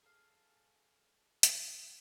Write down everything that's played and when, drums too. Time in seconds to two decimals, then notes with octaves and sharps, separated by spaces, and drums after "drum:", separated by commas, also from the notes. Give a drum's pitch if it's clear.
0.03 G#4 A4 F5
1.43 drum: hi-hat